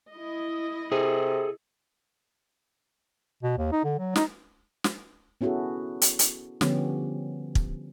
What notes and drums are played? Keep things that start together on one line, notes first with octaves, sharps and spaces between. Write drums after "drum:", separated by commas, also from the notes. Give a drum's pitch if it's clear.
E4 D#5
C3 G#4 A4
B2
D#2
D#4
D3
F#3
D#4, drum: snare
drum: snare
B3 C#4 E4 F#4 G#4 A4
drum: hi-hat
drum: hi-hat
D3 F3 G3 B3 C#4 G4, drum: snare
drum: kick